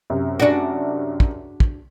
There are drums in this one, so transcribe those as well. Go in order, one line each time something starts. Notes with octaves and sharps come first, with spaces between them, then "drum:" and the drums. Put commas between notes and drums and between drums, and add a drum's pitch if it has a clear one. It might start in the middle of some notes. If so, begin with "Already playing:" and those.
F#2 C3
D4 F#4 G#4 D5
drum: kick
drum: kick